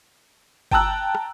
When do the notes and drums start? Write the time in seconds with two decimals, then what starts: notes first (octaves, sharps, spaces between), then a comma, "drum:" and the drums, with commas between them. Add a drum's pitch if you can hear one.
0.72 G5 A5 A#5 E6 F#6, drum: kick G1
1.15 drum: rim click